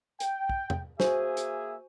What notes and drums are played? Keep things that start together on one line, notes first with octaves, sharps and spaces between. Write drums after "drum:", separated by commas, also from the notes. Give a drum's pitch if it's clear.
G5, drum: hi-hat
drum: kick
drum: tom E2
A#3 F#4 G#4 C5 E5 G#5, drum: snare
drum: hi-hat